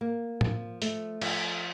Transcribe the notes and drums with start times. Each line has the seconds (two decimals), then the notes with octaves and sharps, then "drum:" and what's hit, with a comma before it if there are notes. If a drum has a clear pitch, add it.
0.01 A#3
0.41 F3, drum: tom A2
0.82 A3, drum: hi-hat
1.21 F3, drum: cymbal